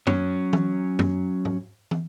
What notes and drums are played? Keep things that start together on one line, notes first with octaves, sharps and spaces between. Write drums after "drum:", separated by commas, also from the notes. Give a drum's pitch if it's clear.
F#3 C#4, drum: tom F#2
drum: tom
drum: tom F#2
drum: tom G#2
drum: tom